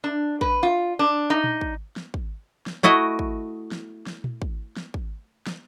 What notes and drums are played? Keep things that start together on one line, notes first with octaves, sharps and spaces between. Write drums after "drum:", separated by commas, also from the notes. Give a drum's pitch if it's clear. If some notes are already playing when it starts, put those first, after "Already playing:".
D4
B4, drum: kick
F4
D4
D#4
drum: tom A#2
drum: kick
drum: snare
drum: kick
drum: snare
A3 E4 F#4 D#5
drum: kick
drum: snare
drum: snare
drum: tom A#2
drum: kick
drum: snare
drum: kick
drum: snare